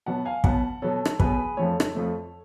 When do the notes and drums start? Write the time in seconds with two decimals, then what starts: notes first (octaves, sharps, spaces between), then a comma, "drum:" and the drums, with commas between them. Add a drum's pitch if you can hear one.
0.06 B2 F#3 B3 F#5 A5
0.25 F5 G#5
0.44 B2 F#3 B3 F#5 A5, drum: kick
0.82 B2 F#3 B3 A4 C#5
1.05 drum: rim click
1.20 B2 F#3 B3 G#4 B4, drum: kick
1.57 F2 F3 A3 A4 C#5
1.80 drum: rim click
1.95 F2 F3 A3